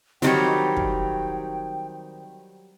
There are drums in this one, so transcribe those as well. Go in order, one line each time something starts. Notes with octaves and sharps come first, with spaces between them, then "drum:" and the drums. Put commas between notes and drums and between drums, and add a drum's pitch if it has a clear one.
D#3 F#3 G3 C4 C#5 G5, drum: hi-hat
drum: kick